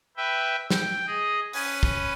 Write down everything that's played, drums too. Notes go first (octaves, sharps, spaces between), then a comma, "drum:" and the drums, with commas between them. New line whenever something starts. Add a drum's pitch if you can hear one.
B4 E5 G5
G5, drum: snare
G#4 D#5
C#4 B4 G#5, drum: open hi-hat
drum: kick